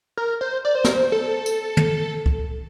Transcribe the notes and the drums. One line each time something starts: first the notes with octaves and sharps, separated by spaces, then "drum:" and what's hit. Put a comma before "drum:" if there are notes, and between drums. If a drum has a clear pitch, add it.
A#4
C5
D5
C5
A#4, drum: snare
C5
A4
drum: tambourine
drum: tom
drum: kick C#2